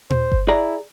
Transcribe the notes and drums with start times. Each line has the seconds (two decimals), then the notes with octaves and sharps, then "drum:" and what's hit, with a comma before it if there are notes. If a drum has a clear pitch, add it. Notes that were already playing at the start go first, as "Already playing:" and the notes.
0.10 C5, drum: tom A#2
0.32 drum: kick G1
0.48 E4 G#4 D5 A#5